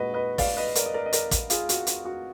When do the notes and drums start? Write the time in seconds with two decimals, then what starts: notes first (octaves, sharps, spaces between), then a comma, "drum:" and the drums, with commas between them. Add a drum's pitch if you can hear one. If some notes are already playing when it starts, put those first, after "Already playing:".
Already playing: A#2 G#3 F#4 B4 D#5
0.14 B4 D#5
0.38 D5 F5, drum: kick, open hi-hat
0.57 B4 D#5
0.75 A#4 D5, drum: hi-hat
0.86 D#5
0.94 A#4 D5
1.06 D#5
1.13 A#4 D5, drum: hi-hat
1.31 drum: kick, hi-hat
1.50 F4 G#4, drum: hi-hat
1.69 F#4, drum: hi-hat
1.87 F4, drum: hi-hat
2.05 F#4